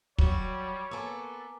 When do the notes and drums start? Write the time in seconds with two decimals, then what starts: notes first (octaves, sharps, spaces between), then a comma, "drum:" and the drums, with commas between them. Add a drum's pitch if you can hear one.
0.18 F#3 G3 F#4 C#5, drum: kick
0.91 A#3 B3 A4 G#5 A#5 D6